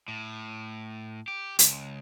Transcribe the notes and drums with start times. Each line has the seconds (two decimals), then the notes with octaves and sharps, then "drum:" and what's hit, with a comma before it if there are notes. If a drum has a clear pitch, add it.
0.08 A2
1.28 G4
1.59 C#2, drum: hi-hat